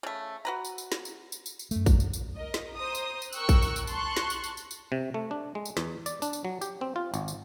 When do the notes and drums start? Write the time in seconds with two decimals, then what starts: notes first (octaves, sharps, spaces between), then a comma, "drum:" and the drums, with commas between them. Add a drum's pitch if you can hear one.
0.03 C#3 A3
0.45 F#4 B4 A#5
0.65 drum: tambourine
0.78 drum: tambourine
0.92 drum: snare
1.05 drum: tambourine
1.32 drum: tambourine
1.46 drum: tambourine
1.59 drum: tambourine
1.71 F#2 A3, drum: tambourine
1.86 drum: kick, tambourine
2.00 drum: tambourine
2.13 drum: tambourine
2.36 A#4 D#5
2.54 drum: snare
2.76 C5 A#5 D#6
2.95 drum: tambourine
3.22 drum: tambourine
3.32 A#4 G5 C#6 E6 F#6, drum: tambourine
3.49 drum: kick, tambourine
3.62 drum: tambourine
3.76 drum: tambourine
3.87 A5 C6 C#6 F#6, drum: tambourine
4.17 drum: snare
4.30 drum: tambourine
4.44 drum: tambourine
4.57 drum: tambourine
4.71 drum: tambourine
4.92 C3
5.14 A3
5.31 D4
5.55 G#3
5.65 drum: tambourine
5.77 E2, drum: snare
6.06 D5, drum: tambourine
6.22 D4, drum: tambourine
6.33 drum: tambourine
6.45 F#3
6.61 G4, drum: tambourine
6.81 C4
6.96 F4
7.14 G#1, drum: tambourine
7.28 drum: tambourine